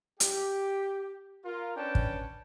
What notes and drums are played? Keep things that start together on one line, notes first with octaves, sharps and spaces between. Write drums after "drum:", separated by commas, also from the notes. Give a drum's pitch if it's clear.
G4, drum: hi-hat
F4 A#4
C#4 D4 B4 D5 G5 A5
drum: kick